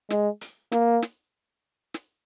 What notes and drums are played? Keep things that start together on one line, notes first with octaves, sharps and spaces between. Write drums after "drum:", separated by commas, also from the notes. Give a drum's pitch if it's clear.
G#3, drum: snare
drum: hi-hat
A#3, drum: snare
drum: snare
drum: snare